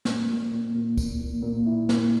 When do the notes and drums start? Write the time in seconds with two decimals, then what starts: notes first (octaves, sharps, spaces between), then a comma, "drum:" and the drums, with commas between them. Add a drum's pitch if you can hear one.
0.05 A#2, drum: snare
0.28 A#2
0.51 A#2
0.74 A#2
0.97 A#2, drum: kick, tambourine
1.20 A#2
1.42 A#2
1.66 E4
1.89 A#2, drum: snare